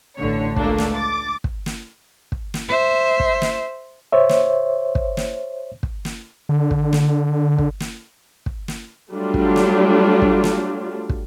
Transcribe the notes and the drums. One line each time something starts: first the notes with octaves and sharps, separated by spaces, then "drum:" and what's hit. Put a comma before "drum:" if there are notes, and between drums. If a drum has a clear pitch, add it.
A1 D3 C#5
C#2 A3 A#3 D4, drum: kick
drum: snare
D6 A6
drum: kick
drum: snare
drum: kick
drum: snare
C5 E5
drum: kick
drum: snare
C5 C#5 E5
drum: snare
drum: kick
drum: snare
drum: kick
drum: snare
D3
drum: kick
drum: snare
drum: kick
drum: snare
drum: kick
drum: snare
F#3 G3 A3 D4 F4
drum: kick
drum: snare
drum: kick
drum: snare
drum: kick